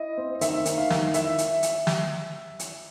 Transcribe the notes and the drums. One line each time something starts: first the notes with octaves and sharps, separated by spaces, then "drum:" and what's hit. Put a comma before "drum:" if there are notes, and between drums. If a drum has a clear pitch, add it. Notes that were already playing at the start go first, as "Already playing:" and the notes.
Already playing: E4 D#5
C4
D#3 E5, drum: hi-hat
D#3, drum: hi-hat
F5
D#3, drum: snare
E4 E5, drum: hi-hat
drum: hi-hat
drum: hi-hat
drum: snare
drum: hi-hat